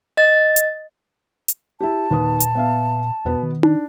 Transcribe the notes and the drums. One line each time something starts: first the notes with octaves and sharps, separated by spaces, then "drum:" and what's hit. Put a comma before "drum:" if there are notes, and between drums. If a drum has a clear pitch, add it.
D#5 A6
drum: hi-hat
drum: hi-hat
E4 G4 A5
D#2 A#2 B4 D#6
drum: hi-hat
B3 E5 F5
E2 B2 B3 B4
D#3
D4, drum: tom D#4